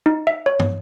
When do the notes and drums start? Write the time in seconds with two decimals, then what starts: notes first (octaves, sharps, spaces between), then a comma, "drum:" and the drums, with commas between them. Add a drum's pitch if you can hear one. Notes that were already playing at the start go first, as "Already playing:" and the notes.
0.06 D#4
0.27 E5
0.46 C#5
0.59 drum: tom